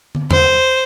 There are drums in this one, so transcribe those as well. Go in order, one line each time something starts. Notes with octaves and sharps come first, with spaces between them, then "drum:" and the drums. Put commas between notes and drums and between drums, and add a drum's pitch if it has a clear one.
drum: tom
C5, drum: tom E2